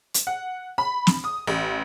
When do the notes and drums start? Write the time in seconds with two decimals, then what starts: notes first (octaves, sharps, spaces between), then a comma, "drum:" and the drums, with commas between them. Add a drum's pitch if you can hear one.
0.14 drum: hi-hat
0.27 F#5
0.78 B5
1.07 drum: snare
1.24 D#6
1.47 A1